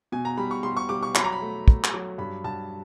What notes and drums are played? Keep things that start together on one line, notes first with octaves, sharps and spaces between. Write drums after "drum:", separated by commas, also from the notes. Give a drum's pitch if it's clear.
B2 G#5
A#5
G3 B5
C#6
G3 C6
C#6
G3 D6
C#6
F#3 B5, drum: clap
A#5
B5
A3
A3, drum: kick
drum: clap
F#3
G2 B5
G2 A5